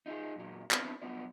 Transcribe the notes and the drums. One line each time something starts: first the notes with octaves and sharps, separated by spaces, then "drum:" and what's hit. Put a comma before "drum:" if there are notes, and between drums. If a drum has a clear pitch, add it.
D#4 F4 G4 G#4
F#2 A#2 F#3
B3 C4 D4 E4 B4, drum: clap
F#2 B2 G3 B3 F4 D5